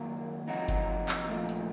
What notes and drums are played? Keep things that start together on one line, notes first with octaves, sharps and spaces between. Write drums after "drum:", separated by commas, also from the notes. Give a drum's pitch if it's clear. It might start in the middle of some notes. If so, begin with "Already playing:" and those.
Already playing: F#2 D#3 F#3 A#3
F2 C3 F#3 D#4 F#4
drum: kick G1, hi-hat
drum: clap
A#2 F3 A3
drum: hi-hat